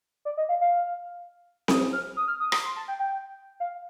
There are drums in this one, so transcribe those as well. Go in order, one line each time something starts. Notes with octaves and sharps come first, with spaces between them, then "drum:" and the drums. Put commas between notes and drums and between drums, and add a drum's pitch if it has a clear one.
D5
D#5
F5
F5
D#6, drum: snare C4
F6
D#6
F6
D#6
D#6, drum: rim click
C6
A5
G5
G5
F5